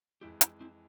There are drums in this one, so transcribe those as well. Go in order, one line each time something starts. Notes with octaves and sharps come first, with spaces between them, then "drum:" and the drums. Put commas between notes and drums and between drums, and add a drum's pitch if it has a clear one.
F2 E3 G#3 E4 G4
E4 G4, drum: hi-hat
C4 E4